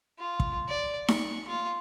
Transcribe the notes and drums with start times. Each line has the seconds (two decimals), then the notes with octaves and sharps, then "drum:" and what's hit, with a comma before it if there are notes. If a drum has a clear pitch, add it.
0.19 F4
0.40 drum: kick
0.68 D5
1.08 C#6, drum: snare D#4
1.48 F4